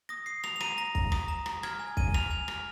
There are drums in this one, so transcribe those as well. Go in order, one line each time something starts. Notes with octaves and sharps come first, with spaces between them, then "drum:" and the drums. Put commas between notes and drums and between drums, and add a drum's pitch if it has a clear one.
D#6 A#6
D#6 C7
D#6 F7, drum: rim click
F7
A#5 D#7, drum: rim click
A#5 A#6
A#5, drum: kick
D#6, drum: rim click
A#5
A#5, drum: rim click
F6 G#6, drum: rim click
G#5
G#5 D#7, drum: kick
F6 F7, drum: rim click
G#5 F7
F6, drum: rim click